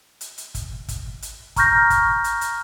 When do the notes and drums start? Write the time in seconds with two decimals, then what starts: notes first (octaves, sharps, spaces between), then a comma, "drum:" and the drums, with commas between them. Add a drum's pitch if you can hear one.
0.21 drum: hi-hat
0.38 drum: hi-hat
0.55 drum: kick, hi-hat
0.89 drum: kick, hi-hat
1.22 drum: hi-hat
1.56 A#5 C#6 F6 G6 A#6, drum: kick, hi-hat
1.90 drum: kick, hi-hat
2.24 drum: hi-hat
2.41 drum: hi-hat